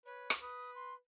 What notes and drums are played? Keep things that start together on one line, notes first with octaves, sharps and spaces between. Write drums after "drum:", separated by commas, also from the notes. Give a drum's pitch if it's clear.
B4 C#5
drum: rim click
B4 D#6
C6